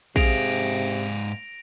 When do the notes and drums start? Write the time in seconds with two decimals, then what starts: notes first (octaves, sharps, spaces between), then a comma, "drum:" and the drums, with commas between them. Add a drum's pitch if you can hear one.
0.16 G#2 C3 G#4 F5 A#6 D7 F7, drum: kick A#1